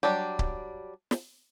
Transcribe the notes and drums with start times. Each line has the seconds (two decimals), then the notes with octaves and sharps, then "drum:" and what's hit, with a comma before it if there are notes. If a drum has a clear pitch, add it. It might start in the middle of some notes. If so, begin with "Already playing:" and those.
0.03 F#3 G3 D4 G4
0.39 drum: kick C#1
1.11 drum: snare